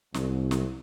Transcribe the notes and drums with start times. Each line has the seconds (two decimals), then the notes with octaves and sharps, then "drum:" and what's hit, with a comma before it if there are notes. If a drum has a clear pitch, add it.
0.14 C2, drum: snare
0.51 drum: snare